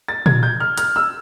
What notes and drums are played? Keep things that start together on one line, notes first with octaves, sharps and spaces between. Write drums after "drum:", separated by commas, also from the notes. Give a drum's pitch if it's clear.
A6
G#6, drum: tom A#2
G6
F6
F6, drum: hi-hat
E6